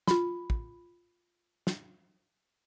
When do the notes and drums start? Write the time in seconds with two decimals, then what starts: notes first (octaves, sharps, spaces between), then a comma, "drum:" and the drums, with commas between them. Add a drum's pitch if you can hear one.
0.07 F4 B5, drum: snare
0.50 drum: kick
1.67 drum: snare